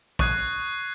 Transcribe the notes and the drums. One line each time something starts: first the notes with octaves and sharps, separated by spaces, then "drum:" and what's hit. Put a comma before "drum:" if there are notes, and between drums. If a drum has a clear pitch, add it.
C#6 D#6 F#6 G#6 C7, drum: kick